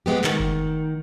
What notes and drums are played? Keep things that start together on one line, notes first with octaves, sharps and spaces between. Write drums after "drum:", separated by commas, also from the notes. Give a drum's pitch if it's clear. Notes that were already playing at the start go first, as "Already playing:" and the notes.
G#3 B3 G4
D#3, drum: clap
drum: kick F#1